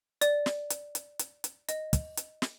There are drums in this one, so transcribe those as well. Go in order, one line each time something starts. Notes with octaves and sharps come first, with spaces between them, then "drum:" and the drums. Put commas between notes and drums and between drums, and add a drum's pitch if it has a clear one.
D5, drum: hi-hat
drum: snare
drum: hi-hat
drum: hi-hat
drum: hi-hat
drum: hi-hat
D#5, drum: hi-hat
drum: kick, hi-hat
drum: hi-hat
drum: snare